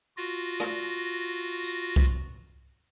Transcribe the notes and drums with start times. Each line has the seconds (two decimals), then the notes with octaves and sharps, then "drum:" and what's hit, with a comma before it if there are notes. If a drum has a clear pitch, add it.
0.17 F4 F#4 A#6
0.60 drum: rim click
1.64 drum: tambourine
1.96 drum: kick C2